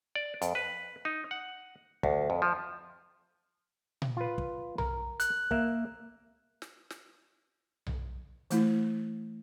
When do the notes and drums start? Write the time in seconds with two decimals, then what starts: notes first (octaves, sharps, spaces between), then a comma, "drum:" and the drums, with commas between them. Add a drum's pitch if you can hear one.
0.15 D5
0.42 F2, drum: hi-hat
0.55 B4
1.05 D#4
1.31 F#5
2.03 D2, drum: kick
2.30 F2
2.42 F3
4.02 drum: tom A#2
4.17 F4 B4
4.38 drum: kick
4.78 A#4, drum: tom B1
5.20 F#6, drum: hi-hat
5.51 A#3 E5, drum: kick
6.62 drum: snare
6.90 drum: snare
7.87 drum: tom B1
8.50 E3 A3 E4, drum: hi-hat